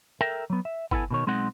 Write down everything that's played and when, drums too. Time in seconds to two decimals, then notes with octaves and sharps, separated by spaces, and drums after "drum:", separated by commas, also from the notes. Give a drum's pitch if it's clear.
0.21 A4 A#4 E5 G5
0.50 F#3 B3
0.65 E5
0.91 B3 E4 A4 G#5, drum: kick G1
1.10 B2 D#3 C#5
1.27 B1 G#3 C4 D#4 F#5 C6